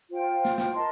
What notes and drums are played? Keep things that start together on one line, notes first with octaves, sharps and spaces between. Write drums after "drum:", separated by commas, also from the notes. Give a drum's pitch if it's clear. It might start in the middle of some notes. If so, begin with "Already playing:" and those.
F4 C5 G5
drum: snare
drum: snare
A#4 D#5 A5 C6